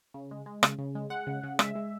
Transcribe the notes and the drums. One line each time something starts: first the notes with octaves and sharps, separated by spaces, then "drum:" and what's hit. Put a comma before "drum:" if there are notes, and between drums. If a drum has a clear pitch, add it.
C#3
G#3
G#3
C#3, drum: rim click
C#3
G#3
G#3 F#5
C#3
C#3
G#3 E5, drum: rim click
G#3